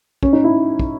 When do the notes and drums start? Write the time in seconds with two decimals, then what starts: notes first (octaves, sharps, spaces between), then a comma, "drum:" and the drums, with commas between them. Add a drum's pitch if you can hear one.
0.23 C#4, drum: kick
0.33 D#4
0.44 E4
0.79 drum: kick